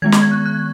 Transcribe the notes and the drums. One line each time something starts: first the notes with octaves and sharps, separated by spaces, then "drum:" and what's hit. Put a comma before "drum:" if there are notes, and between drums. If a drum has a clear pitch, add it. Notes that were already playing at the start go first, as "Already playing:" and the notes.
D#3 G#3 B3 G#6
C#6, drum: snare
G#6
F#6
F#6